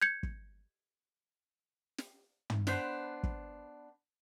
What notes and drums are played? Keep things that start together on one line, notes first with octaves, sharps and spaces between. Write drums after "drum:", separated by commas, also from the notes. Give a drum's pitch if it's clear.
G6 G#6 C#7
drum: kick
drum: snare
drum: tom
B3 D4 B4 C5, drum: snare
drum: kick